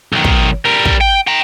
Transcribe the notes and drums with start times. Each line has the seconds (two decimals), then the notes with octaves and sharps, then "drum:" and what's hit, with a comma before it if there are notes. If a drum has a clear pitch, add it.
0.13 B1 D#3
0.24 drum: kick
0.65 G3 A#4
0.85 drum: kick
1.01 G5
1.27 G5 A#5